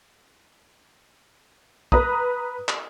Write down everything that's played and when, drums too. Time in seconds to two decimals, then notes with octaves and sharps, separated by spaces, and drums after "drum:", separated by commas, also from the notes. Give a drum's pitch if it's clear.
1.92 B4 A#5 D#6, drum: kick
2.69 drum: clap